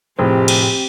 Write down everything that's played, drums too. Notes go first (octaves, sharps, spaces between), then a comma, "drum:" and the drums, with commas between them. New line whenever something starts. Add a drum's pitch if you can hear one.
F1 A2 C4 G4 G#4 C5
drum: cymbal